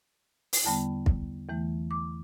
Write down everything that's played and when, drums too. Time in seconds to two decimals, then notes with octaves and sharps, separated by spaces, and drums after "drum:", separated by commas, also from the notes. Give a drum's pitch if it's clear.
0.53 drum: open hi-hat
0.65 E2 D3 G3 B3 A5
1.06 drum: kick
1.49 E2 E3 A3
1.91 D6